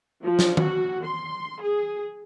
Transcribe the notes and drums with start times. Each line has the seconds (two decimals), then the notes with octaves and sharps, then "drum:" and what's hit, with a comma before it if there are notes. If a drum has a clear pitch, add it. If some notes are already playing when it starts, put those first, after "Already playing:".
0.23 F3
0.39 drum: snare
0.57 F#4, drum: tom D#3
1.05 C6
1.61 G#4